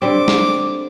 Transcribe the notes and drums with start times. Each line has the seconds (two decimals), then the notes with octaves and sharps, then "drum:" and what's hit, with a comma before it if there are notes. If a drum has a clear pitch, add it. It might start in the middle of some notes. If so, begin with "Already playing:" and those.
0.02 D3 G3 C4 D6
0.28 drum: snare